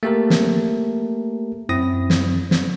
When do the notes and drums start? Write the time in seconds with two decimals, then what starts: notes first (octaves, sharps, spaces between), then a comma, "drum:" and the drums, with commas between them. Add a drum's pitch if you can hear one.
0.03 A3 A#3 G4 A4 A#4
0.30 drum: snare
1.69 F#2 C4 E4 D#6 A#6
2.10 drum: snare
2.51 drum: snare